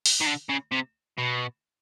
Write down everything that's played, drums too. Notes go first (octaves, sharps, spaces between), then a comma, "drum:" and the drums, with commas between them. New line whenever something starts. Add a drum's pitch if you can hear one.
drum: open hi-hat
D#3
D3
C#3
C3
B2